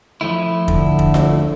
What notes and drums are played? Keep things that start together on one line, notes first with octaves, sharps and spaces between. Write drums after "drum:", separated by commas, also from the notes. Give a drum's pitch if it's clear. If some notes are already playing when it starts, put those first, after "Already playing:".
F3 A3 E4
D3, drum: kick
drum: kick
drum: snare F4